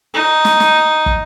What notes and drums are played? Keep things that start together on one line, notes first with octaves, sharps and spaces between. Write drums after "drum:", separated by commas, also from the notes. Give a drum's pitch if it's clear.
D#4
drum: snare
drum: snare
drum: kick